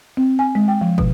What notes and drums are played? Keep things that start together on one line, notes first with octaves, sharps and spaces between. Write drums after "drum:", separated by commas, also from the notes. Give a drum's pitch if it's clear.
C4
G#5
G#3
G5
F3
B2, drum: kick